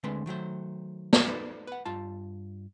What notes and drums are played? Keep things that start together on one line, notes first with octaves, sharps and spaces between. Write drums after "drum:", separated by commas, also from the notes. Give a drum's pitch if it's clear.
D2 D3 G#3 C4 B4 C6
D#3 F#3 A3 C5
drum: snare
D#4 A4 B4 C5 D5
B4 F#5
G2 F4 A5